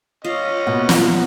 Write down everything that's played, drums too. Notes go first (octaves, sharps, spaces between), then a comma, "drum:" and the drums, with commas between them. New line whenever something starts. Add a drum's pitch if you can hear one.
C#4 F4 D#5
B2 A#3 B3 F#5
drum: snare